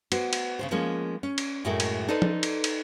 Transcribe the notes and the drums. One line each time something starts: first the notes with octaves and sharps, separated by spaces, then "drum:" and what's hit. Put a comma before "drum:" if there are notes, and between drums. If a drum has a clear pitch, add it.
B3 F#4 C5, drum: cymbal
drum: cymbal
C#3 F3 C5
F3 G#3 A#3 C#4
C#4
drum: cymbal
F#2 A2 F#3 G#3 A3 A#4
drum: cymbal
D#4 A4 B4 C5 D5 D#5
drum: tom
drum: cymbal
drum: cymbal